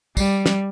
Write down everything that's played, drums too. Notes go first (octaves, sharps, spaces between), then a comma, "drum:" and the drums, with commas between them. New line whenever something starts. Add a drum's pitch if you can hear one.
G3, drum: kick, tambourine
drum: snare